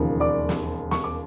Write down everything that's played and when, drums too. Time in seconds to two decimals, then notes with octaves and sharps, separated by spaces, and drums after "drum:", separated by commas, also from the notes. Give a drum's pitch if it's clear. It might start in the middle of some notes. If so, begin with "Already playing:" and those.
Already playing: E1 D#2 C#3 F3
0.20 D5 D6
0.49 drum: snare
0.91 C#6, drum: snare
1.04 D6